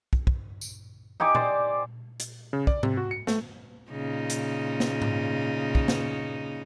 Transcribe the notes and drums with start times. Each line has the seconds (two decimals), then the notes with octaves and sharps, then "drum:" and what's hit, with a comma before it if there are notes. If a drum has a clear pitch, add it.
0.13 drum: kick
0.27 drum: kick
0.61 drum: tambourine
1.20 D#4 G4 G#5 D6
1.35 C5 D5, drum: tom A#2
2.20 drum: hi-hat
2.53 C#3
2.67 D5, drum: kick
2.83 C3, drum: tom G#2
2.97 F#4
3.11 C#7
3.27 A3, drum: snare
3.91 A#2 C#3 D#4
4.30 drum: hi-hat
4.80 drum: snare
5.02 drum: tom G#2
5.75 drum: kick
5.88 drum: snare